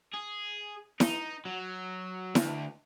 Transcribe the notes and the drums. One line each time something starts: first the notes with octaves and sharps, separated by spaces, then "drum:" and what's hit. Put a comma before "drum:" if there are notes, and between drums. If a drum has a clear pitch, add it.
G#4
D#4, drum: snare E4
F#3
D2, drum: snare E4